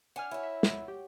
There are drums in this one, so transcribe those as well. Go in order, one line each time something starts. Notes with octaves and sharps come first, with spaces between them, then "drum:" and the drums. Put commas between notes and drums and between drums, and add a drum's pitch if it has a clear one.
D4 F#5 G#5 F6
E4 F#4 C#5
E5
drum: snare
G4